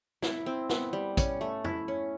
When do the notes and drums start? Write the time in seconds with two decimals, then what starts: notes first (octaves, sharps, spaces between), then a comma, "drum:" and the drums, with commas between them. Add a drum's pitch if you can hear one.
0.22 E4, drum: snare
0.46 C4
0.69 B3, drum: snare
0.93 G3
1.17 C#4, drum: kick, hi-hat
1.41 A3
1.64 E4, drum: tom F2
1.88 C#4